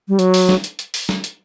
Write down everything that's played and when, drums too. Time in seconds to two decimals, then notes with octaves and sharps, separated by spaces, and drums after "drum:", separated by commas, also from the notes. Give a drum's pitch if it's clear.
0.08 G3
0.19 F#3, drum: hi-hat
0.34 drum: open hi-hat
0.49 drum: snare
0.64 drum: hi-hat
0.79 drum: hi-hat
0.94 drum: open hi-hat
1.09 drum: snare
1.24 drum: hi-hat